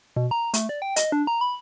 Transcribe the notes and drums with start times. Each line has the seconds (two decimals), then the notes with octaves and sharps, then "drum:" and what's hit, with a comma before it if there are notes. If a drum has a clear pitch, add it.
0.16 B2
0.31 A#5
0.54 A3, drum: hi-hat
0.69 D5
0.82 G5
0.96 D#5, drum: hi-hat
1.12 D4
1.27 A#5
1.41 B5